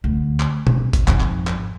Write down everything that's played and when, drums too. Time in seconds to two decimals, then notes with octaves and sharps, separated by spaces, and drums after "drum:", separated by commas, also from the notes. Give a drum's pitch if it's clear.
0.04 D2
0.40 drum: clap
0.67 C4, drum: tom B2
0.93 drum: kick G1, hi-hat
1.08 G#1 F2, drum: clap
1.20 drum: clap
1.47 drum: clap